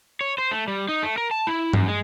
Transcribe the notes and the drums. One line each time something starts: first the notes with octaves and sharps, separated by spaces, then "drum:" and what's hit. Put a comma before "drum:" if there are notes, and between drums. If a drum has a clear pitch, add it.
C#5
C5
A3
G3
D#4
A3
A#4
A5
E4
F#2, drum: tom G2
G#3